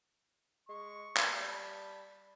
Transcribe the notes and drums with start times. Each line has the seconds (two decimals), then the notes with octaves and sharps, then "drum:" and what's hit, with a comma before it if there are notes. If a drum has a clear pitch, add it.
0.69 G#3 C#6
1.17 G3, drum: clap
1.45 A5 B5